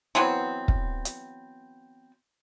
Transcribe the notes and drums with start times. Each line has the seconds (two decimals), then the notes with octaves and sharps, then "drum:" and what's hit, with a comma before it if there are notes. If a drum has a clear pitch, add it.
0.15 E3 F#3 B3 C4
0.68 drum: kick
1.05 drum: hi-hat